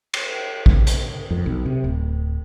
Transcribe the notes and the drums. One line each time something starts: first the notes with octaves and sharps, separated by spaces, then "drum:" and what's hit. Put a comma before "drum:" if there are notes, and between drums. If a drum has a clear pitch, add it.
drum: cymbal
drum: kick A#1
drum: hi-hat
F2
B1
C3
D1